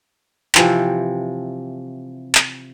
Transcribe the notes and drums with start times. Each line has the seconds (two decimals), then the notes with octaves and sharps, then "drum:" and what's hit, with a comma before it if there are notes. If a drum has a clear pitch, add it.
0.55 C3 E3 F3 G5, drum: clap
2.35 drum: clap